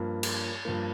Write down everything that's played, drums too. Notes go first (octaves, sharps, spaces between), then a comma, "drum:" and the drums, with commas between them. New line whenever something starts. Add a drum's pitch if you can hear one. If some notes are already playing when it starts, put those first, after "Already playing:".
Already playing: G2 F3 A#3
drum: cymbal
G2 F3 A#3